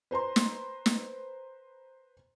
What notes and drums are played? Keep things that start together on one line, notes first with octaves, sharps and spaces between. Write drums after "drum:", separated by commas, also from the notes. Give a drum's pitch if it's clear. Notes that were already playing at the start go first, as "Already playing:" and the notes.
B4 C5 A#5 C6
drum: snare
drum: snare